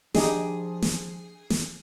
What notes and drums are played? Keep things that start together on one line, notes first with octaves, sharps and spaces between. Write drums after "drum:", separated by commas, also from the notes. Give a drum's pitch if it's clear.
F3 D4 D#4 G4 G#4, drum: snare
drum: snare
drum: snare